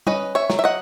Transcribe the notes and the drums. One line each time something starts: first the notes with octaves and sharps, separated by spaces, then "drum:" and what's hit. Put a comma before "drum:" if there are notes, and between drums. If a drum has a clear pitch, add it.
C#4 B4 D#5, drum: tom
C#5 E5
F#3, drum: snare
E5
D#5 F#5